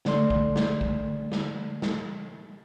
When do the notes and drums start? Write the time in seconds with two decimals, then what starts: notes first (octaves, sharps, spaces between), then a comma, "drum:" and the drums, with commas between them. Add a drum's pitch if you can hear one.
0.05 D3 A3 D5 C6, drum: snare
0.30 drum: kick A#1
0.56 drum: snare
0.81 drum: kick A#1
1.32 drum: snare
1.82 drum: snare